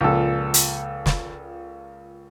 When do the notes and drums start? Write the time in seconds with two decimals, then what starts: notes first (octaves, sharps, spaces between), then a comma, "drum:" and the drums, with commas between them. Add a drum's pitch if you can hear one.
0.01 C#2 A#2 F3 A4
0.54 drum: hi-hat
1.06 drum: snare